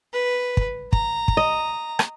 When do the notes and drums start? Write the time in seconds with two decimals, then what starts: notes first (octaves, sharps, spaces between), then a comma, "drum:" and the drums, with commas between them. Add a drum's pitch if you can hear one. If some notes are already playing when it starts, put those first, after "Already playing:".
0.13 B4
0.57 drum: kick
0.93 A#5, drum: kick
1.28 drum: kick
1.37 D#5
1.99 drum: rim click